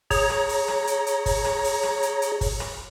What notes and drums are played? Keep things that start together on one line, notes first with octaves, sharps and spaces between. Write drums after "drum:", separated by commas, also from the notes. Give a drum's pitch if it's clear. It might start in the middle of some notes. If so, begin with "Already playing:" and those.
G#4 C#5 A#5, drum: kick, open hi-hat
drum: rim click
drum: open hi-hat
drum: rim click
drum: hi-hat
drum: hi-hat
drum: kick, open hi-hat
drum: rim click
drum: open hi-hat
drum: rim click
drum: hi-hat
drum: hi-hat
drum: kick, open hi-hat
drum: rim click